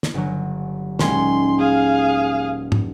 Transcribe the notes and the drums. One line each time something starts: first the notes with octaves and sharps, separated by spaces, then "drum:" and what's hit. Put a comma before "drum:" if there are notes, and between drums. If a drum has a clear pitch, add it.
drum: snare
G1 F#3
D#1 G#3 C#4 C6, drum: snare
G#4 F5
drum: tom